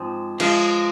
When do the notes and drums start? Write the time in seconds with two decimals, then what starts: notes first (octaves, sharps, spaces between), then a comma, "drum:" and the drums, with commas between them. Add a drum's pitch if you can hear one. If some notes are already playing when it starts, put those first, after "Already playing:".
Already playing: G#2 F3 G#3 C4
0.40 F3 G#3, drum: cymbal